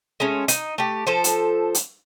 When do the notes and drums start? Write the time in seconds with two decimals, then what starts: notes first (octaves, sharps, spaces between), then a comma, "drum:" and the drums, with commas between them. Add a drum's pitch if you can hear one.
0.20 G#3 A3 C#4
0.48 D#4, drum: hi-hat
0.78 A3 G4
1.07 F3 A4 C5
1.24 drum: hi-hat
1.75 drum: hi-hat